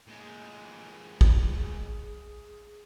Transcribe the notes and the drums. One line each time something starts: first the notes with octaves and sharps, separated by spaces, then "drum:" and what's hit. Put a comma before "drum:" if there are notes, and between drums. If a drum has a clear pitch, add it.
A#2 G#3
drum: kick
G#4